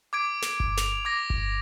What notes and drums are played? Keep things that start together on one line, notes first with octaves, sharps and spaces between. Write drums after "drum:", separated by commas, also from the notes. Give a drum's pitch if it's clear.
D6 G#6 D7
drum: snare
drum: kick G1
F7, drum: snare
D6 G#6 A#6
drum: kick G1